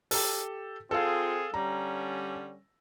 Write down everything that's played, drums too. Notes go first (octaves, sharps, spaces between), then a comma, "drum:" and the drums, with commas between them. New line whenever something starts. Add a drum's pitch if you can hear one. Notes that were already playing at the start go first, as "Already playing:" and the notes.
G4 A4, drum: open hi-hat
C4 F4 G#4 A4 F5
D3 G3 C#4 A#5